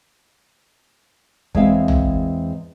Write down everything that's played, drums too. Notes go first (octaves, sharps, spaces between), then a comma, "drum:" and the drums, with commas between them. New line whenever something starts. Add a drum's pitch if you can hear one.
E2 G#3 C4 E5 F5, drum: kick
drum: tom